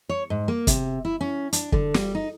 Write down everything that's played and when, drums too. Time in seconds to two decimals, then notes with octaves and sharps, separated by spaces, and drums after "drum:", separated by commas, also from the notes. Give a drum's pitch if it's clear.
0.09 C#5
0.30 G#2
0.48 A#3
0.67 C3, drum: kick, hi-hat
1.05 E4
1.21 C#4
1.53 D4, drum: hi-hat
1.72 D3, drum: kick
1.94 G3, drum: snare
2.15 D#4